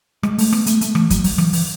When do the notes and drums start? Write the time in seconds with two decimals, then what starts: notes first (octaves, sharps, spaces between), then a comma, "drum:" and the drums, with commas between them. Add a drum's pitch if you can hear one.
0.23 G#3, drum: rim click
0.38 A3, drum: open hi-hat
0.53 B3, drum: rim click
0.66 A3, drum: hi-hat
0.81 A3, drum: hi-hat
0.95 E3, drum: rim click
1.10 F#3, drum: kick, hi-hat
1.24 F#3, drum: open hi-hat
1.38 E3, drum: rim click
1.53 E3, drum: open hi-hat